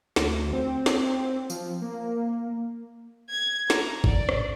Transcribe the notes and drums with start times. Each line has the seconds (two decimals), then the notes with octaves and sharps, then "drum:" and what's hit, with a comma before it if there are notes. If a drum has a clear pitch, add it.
0.16 D2, drum: snare
0.53 C4
0.86 drum: snare
1.50 F3, drum: tambourine
1.82 A#3
3.30 G#6
3.70 A#5, drum: snare
4.04 D5, drum: kick
4.29 drum: rim click